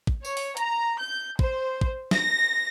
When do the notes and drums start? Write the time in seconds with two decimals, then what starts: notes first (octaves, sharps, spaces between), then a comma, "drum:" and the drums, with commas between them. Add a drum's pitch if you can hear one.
0.07 drum: kick
0.25 C#5, drum: tambourine
0.37 drum: open hi-hat
0.57 A#5, drum: hi-hat
0.99 G6
1.39 C5, drum: kick
1.81 drum: kick
2.11 A#6, drum: snare